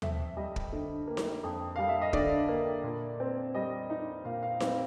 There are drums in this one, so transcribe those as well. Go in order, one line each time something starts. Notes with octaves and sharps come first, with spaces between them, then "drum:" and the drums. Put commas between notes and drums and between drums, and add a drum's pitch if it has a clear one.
F2 E5, drum: tom D#2
G3 D#5
drum: kick
D3
A#3
drum: snare D#4
F2
G3 F5
E5
D#5
D3 D5, drum: kick
A#3
A#2
C4
G3 D#5
D#4
A#2 F5
F5
C4 F5, drum: snare D#4